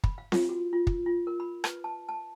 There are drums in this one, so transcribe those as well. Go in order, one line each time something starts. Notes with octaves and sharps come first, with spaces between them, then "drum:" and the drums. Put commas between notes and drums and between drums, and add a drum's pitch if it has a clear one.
B5, drum: kick
F5
F4, drum: snare C4
F#4
F4
drum: kick
F4
A#4
B5
B4, drum: rim click
A5
A5